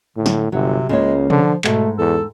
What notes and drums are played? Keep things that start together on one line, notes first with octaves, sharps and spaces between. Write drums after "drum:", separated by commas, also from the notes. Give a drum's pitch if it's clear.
A2 D3
drum: snare
G1 C3 F#3
C#2 C#3 G#3 A#3 C#5
D3 F3, drum: tom
G#2 B2 A3, drum: clap
E2 A4